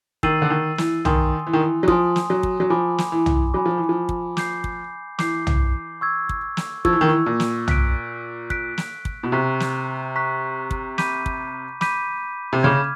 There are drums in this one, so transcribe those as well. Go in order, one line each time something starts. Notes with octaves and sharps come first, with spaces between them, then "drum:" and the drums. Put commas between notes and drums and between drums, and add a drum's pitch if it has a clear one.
D#3 E6 A6 C7 D#7 F#7, drum: kick
D3
D#3
E3, drum: snare
D#3 G#5 C6 D#6, drum: tom
E3
D#3
E3
F#3
F3 G#5 C6 D#6, drum: kick
drum: snare
F#3
drum: kick
F#3
F3 G#5 B5 D6
drum: snare
E3
drum: tom
F#3 G#5 B5 D6
F3
E3
F3
drum: kick
D6 G6 C7, drum: snare
drum: kick
E3 D6 G6 C7, drum: snare
drum: tom
C#6 E6 G#6
drum: kick
drum: snare
F3 C#6 E6 G#6, drum: kick
E3
D#3
E3
A#2
drum: snare
F#6 B6 D7, drum: tom
F#6 B6 D7, drum: kick
drum: snare
drum: kick
B2
C3 A#5 C#6 F#6 B6
drum: snare
A#5 C#6 F#6 B6
drum: kick
B5 D6 G6 B6 D#7, drum: snare
drum: kick
B5 D6 G6 B6 D#7, drum: snare
C3
C#3 D6 F6 G#6